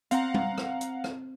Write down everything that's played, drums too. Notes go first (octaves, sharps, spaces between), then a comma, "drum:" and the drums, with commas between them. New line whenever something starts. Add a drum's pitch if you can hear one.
C4 F5 F#5 A#5, drum: hi-hat
drum: tom G3
drum: rim click
drum: hi-hat
drum: rim click